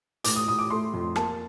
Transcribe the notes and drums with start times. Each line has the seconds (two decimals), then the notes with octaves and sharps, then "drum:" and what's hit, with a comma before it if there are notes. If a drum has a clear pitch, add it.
0.24 A2 D6, drum: hi-hat
0.36 D#6
0.47 A2 D#6
0.59 D6
0.70 A3 C6
0.94 F2
1.16 A#3 A5, drum: rim click